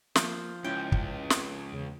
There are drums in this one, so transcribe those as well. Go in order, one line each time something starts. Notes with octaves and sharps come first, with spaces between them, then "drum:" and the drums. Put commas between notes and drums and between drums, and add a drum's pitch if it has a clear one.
F3 A#3 F4, drum: snare
C#2 C#4 E4 G5
drum: kick
drum: snare
E2 C#3